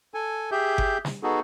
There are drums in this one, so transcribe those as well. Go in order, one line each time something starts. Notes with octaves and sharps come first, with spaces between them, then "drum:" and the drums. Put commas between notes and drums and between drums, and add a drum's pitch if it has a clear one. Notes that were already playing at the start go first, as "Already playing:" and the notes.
A4 G#5
G4 G#4 E5 G6
drum: kick G1
drum: snare
B3 D#4 F#4 G#4 A4